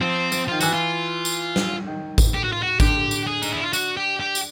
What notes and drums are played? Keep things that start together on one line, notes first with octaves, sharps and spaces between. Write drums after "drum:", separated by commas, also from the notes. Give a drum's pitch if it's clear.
F3 C4
F3, drum: tambourine
D#3 F4
E3 F#4, drum: tambourine
F4
drum: tambourine
drum: snare
D#3
drum: kick G#1, tambourine
G4
F#4
F4
F#4
D3 G4, drum: kick G#1, tambourine
drum: tambourine
G#4
D#4, drum: tambourine
E4
F4
F#4, drum: tambourine
G4
G4
drum: tambourine